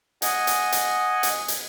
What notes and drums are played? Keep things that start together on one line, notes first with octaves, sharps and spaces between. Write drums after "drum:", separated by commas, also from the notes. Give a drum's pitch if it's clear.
D#5 F#5 G#5, drum: hi-hat
drum: hi-hat
drum: hi-hat
drum: hi-hat
drum: hi-hat